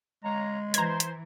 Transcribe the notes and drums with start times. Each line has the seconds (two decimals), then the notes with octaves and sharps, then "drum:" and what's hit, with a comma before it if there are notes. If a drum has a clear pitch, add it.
0.24 G#3 C#5 F5 A#5
0.74 E3 C5 A#5 G#6, drum: hi-hat
1.00 drum: hi-hat